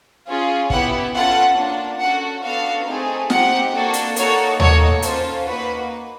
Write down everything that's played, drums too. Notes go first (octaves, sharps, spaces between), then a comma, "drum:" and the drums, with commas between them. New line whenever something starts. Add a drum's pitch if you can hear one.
C#4 F4 G#4
B3 E4 G4 F#5, drum: kick
C#4 F4 A4 F#5
A#3 D4 F4
C#4 F#4 A4 F#5
B3 D4 F#4 A4 F5
A3 C4 D#4 G#4
C4 D#4 G4 F#5, drum: snare
A#3 D4 F#4 A4
drum: hi-hat
A#3 D#4 F#4 A4 C#5, drum: hi-hat
A#3 D#4 F#4 A4 C#5, drum: tom D#2
C#4 F4 A4 C5, drum: hi-hat
A#3 D#4 F#4 B4